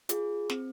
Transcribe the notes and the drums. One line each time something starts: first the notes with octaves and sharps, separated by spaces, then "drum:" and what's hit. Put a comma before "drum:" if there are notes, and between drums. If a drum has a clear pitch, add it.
F4 G#4, drum: hi-hat
C4, drum: snare